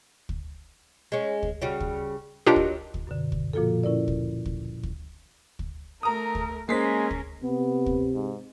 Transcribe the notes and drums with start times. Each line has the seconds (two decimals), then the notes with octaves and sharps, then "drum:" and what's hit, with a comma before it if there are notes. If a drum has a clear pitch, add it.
0.29 drum: kick
1.12 G#3 C#4
1.43 drum: kick
1.62 C#3 G3 F#4
1.80 drum: kick
2.47 F#3 D4 D#4 F4 G4 A#4
2.56 drum: kick
2.94 drum: kick
3.07 F#2 B2 D3
3.32 drum: kick
3.53 A#2 F3 A#3 F4 F#4 A4
3.84 C#4 E4 A#4 D5
4.08 drum: kick
4.46 drum: kick
4.83 drum: kick
5.59 drum: kick
6.03 A3 A#4 A#5 D#6
6.35 drum: kick
6.69 G#3 A#3 C#4 A#4 C5 B6 C7
7.11 drum: kick
7.43 C3 B3
7.86 drum: kick
8.14 G#2